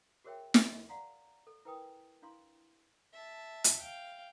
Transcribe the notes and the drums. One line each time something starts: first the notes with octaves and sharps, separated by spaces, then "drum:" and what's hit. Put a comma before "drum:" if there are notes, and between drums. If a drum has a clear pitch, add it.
F#4 G#4 A#4 C#5 E5 G5
drum: snare
D5 F5 F#5 A#5 C6
A4
E4 A#4 B4 G5 G#5 D#6
D4 E4 F5 C6
E5 A5
drum: hi-hat
F5 G5